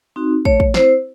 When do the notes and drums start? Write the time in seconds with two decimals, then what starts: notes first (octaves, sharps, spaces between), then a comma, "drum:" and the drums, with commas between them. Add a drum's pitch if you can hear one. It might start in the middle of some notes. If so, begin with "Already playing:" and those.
0.16 C4 D#4 F#4
0.45 A3 C#5, drum: kick
0.60 drum: kick
0.74 C4 E4 C5, drum: snare